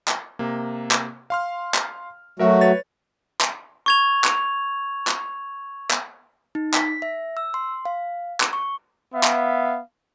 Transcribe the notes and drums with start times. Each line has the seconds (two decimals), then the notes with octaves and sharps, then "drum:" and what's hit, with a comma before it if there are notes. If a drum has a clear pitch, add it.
0.08 drum: clap
0.39 C3 A#3
0.91 drum: clap
1.30 F5 C6 F6
1.74 drum: clap
2.39 F#3 A3 F#4 A#4 E5 F#5
2.61 B4 C#5 A6
3.41 drum: clap
3.86 C#6 G#6 F7
4.24 drum: clap
5.07 drum: clap
5.91 drum: clap
6.55 D#4
6.74 B6, drum: clap
7.02 E5
7.37 E6
7.54 C6
7.85 F5
8.40 drum: clap
8.53 C#6
9.14 B3 E5 F5
9.24 drum: clap